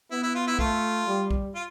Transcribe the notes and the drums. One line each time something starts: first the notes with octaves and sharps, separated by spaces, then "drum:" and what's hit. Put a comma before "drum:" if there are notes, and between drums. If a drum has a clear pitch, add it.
B3 E4
E4
F4
E4
A3 F4, drum: kick
G3
drum: kick
F4